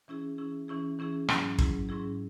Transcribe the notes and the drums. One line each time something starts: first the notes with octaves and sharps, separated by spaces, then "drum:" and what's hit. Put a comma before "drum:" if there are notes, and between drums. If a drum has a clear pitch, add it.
E3 C#4 E4 G#4
E3 C#4 E4 G#4
E3 C#4 E4 G#4
E3 C#4 E4 G#4
G#2 F#3 C#4 E4 G#4, drum: rim click
G#2 F#3 C#4 E4 G#4, drum: kick
G#2 F#3 C#4 E4 G#4